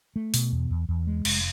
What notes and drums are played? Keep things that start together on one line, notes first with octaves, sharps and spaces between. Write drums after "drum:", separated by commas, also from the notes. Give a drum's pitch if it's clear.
A3
B2, drum: open hi-hat
E2
E2
E2
G#3
F1, drum: cymbal